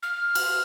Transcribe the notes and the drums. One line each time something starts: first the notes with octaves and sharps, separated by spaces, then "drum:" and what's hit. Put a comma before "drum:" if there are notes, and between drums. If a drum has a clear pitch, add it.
F6
drum: cymbal